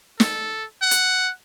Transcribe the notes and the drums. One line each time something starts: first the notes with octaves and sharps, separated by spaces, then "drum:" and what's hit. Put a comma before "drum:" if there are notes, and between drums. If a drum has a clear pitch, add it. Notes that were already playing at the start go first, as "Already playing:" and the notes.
A4, drum: snare
F#5
drum: hi-hat